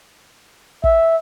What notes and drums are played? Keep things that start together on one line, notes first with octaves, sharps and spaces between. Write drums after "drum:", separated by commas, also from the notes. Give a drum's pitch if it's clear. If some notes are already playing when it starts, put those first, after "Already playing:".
E5, drum: kick